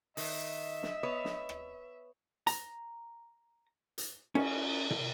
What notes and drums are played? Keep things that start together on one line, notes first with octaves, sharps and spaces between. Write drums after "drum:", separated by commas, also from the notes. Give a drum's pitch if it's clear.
D#3 D#5 E5, drum: open hi-hat
drum: snare
B3 B4 C#5
drum: snare
drum: rim click
A#5, drum: hi-hat
drum: hi-hat
C#4, drum: cymbal
drum: tom